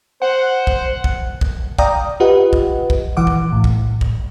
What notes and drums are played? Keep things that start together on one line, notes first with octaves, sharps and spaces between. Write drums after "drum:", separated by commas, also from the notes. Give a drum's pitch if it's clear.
C5 F#5
drum: kick
drum: kick
drum: kick
D5 F5 G5 A#5 D#6, drum: kick
F4 G4 B4 D#5 F#5
drum: kick
drum: kick
A#1 E3 F#5 D6
drum: kick
A2
drum: kick
drum: kick